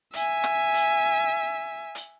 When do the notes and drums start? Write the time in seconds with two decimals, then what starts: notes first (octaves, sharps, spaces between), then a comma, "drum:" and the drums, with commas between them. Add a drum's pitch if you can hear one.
0.13 E5 G#5, drum: hi-hat
0.44 drum: rim click
0.74 drum: hi-hat
1.95 drum: hi-hat